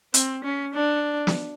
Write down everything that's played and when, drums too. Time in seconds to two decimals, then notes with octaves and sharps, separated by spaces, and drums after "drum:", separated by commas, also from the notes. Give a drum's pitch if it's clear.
0.14 C4, drum: hi-hat
0.44 C#4
0.74 D4
1.27 drum: snare